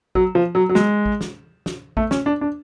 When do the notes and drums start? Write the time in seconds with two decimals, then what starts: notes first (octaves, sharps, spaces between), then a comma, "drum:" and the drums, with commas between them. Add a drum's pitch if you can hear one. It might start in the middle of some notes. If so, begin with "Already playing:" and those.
0.15 F#3, drum: kick A1
0.35 F3
0.55 F#3
0.69 F#3
0.75 G#3, drum: snare
1.06 drum: kick A1
1.21 drum: snare
1.66 drum: snare
1.97 A3, drum: kick A1
2.11 C#4, drum: snare
2.26 D4
2.41 D4